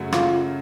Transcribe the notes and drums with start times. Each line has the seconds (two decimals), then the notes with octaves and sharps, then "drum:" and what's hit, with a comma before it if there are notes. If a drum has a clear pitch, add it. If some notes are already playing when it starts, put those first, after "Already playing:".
Already playing: F#2 C#3 F#3 A3
0.12 F4, drum: rim click